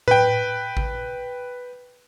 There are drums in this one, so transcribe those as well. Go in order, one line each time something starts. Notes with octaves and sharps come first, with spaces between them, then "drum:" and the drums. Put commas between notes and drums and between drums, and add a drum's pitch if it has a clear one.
B4 G5, drum: tom A2
drum: kick A1